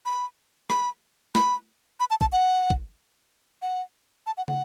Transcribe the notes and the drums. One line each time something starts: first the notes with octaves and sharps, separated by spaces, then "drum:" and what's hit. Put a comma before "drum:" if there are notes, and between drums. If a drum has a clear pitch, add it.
B5
B5, drum: rim click
B5, drum: snare
B5
A5
A5, drum: kick
F#5
drum: kick
F#5
A5
F#5
F#5, drum: tom